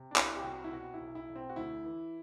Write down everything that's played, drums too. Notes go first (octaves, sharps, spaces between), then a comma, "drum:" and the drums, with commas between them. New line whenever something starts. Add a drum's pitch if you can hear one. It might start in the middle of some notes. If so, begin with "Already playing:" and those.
Already playing: C3
D4
C2 E4, drum: clap
G4
C3 F#4
E4
B2 F#4
E4
B1
E4
B1
C4
F#4
D2 E4
E3